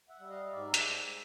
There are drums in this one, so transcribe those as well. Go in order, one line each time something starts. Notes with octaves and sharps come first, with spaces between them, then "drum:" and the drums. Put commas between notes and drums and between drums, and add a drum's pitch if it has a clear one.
E5 F#5
G3 E5
D#5 F5
F5
G#2 D5 E5
drum: hi-hat
G#3